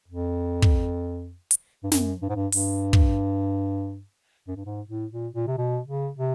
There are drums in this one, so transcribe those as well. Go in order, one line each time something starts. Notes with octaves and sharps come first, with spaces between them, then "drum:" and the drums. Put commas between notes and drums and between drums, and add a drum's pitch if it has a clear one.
F2
drum: kick
drum: hi-hat
G2
F#2, drum: snare
G2
G#2
G2
G2, drum: open hi-hat
drum: kick
F#2
G2
G#2
A2
A#2
A#2
C3
B2
C#3
C3